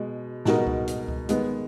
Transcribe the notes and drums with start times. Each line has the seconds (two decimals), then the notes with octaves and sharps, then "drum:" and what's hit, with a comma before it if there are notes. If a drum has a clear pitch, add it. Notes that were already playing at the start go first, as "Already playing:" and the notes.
Already playing: B2 G#3
0.45 B2 G#3 D#4 F#4 A#4, drum: snare
0.67 drum: kick C#2
0.88 drum: hi-hat
1.08 drum: kick C#2
1.29 D#3 G#3 B3, drum: hi-hat